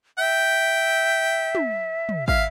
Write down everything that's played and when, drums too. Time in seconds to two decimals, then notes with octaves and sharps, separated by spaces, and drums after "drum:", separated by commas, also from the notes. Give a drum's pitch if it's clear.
0.18 E5 G5
1.55 drum: tom
2.09 drum: tom
2.28 E5 F5, drum: kick